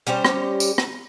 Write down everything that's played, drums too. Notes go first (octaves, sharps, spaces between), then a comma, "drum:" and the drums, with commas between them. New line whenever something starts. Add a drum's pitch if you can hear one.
G3 C#4 G4 C5
drum: rim click
drum: tambourine
drum: rim click